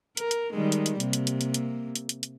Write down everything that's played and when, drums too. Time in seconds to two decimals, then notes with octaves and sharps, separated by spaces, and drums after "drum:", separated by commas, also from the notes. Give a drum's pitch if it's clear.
0.17 A#4, drum: hi-hat
0.31 drum: hi-hat
0.53 D#3 G3 G#3
0.72 drum: hi-hat
0.86 drum: hi-hat
1.00 C3 A#3, drum: hi-hat
1.13 drum: hi-hat
1.27 drum: hi-hat
1.41 drum: hi-hat
1.54 drum: hi-hat
1.96 drum: hi-hat
2.09 drum: hi-hat
2.23 drum: hi-hat